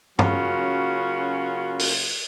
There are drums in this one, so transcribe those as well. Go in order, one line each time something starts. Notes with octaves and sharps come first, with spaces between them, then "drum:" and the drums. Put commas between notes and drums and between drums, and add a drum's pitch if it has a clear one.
C#3 F#3 A#3 C#4 F4 F#4, drum: tom
drum: open hi-hat